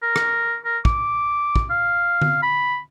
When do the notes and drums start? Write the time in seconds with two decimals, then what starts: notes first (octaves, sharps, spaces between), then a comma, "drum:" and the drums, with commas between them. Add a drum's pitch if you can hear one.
0.03 A#4
0.16 drum: rim click
0.65 A#4
0.85 D6, drum: kick
1.56 drum: kick
1.70 F5
2.22 drum: tom D3
2.42 B5